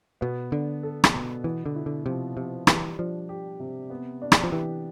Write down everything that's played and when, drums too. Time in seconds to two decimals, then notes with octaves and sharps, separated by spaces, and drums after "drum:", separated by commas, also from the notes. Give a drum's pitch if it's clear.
0.21 B2 B3
0.52 D3 D4
0.83 A4
1.04 drum: rim click
1.14 B2
1.44 E3 B3
1.66 D3
1.76 E4
1.86 D3
2.06 C3 F3
2.37 C3 F3
2.67 E3 G3, drum: rim click
2.99 F3 D4
3.29 G4
3.60 C3
3.90 B3
4.22 D4
4.32 drum: rim click
4.44 F3
4.52 E3 G4